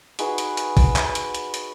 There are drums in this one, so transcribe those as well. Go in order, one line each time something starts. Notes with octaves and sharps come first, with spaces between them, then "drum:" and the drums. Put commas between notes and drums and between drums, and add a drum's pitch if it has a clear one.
D#4 F#4 G#4 B4, drum: hi-hat
drum: hi-hat
drum: hi-hat
drum: kick, open hi-hat
drum: clap
drum: hi-hat
drum: hi-hat
drum: hi-hat